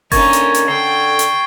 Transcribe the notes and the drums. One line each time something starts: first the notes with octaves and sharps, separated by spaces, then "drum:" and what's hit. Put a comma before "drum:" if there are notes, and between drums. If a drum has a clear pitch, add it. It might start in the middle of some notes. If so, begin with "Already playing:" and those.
D3 A#3 C#4 D#4 C#6 G#6 A6, drum: kick F#1, open hi-hat
drum: hi-hat
drum: hi-hat
D3 G5 C7
drum: hi-hat